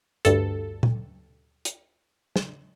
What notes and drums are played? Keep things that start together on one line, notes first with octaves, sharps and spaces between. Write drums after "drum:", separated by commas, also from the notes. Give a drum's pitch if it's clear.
D2 G2 A4, drum: hi-hat
drum: tom A#2
drum: hi-hat
drum: snare